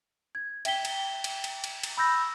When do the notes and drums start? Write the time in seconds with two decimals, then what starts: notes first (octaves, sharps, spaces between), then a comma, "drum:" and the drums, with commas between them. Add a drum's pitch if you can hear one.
0.35 G#6
0.65 E5 G5 B6 G7, drum: cymbal
0.85 drum: cymbal
1.24 drum: cymbal
1.44 drum: cymbal
1.64 drum: cymbal
1.83 drum: cymbal
1.97 B5 E6 G6 A#6